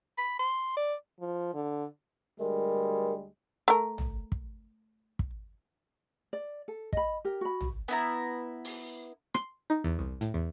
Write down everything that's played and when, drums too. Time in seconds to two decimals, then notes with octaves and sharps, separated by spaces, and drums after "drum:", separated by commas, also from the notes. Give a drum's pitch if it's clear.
0.18 B5
0.39 C6
0.77 D5
1.20 F3
1.54 D3
2.39 D2 G3 G#3 A#4
3.68 A3 A#4
3.98 drum: tom A1
4.32 drum: kick
5.19 drum: kick
6.33 D5
6.68 A4
6.93 D#5 B5, drum: kick
7.25 G4 A#4
7.41 F#4 B5
7.61 drum: tom A1
7.88 B3 E4 A#5
8.65 drum: open hi-hat
9.34 C6, drum: rim click
9.70 D#4
9.84 E2
9.99 C2
10.21 A2, drum: hi-hat
10.34 E2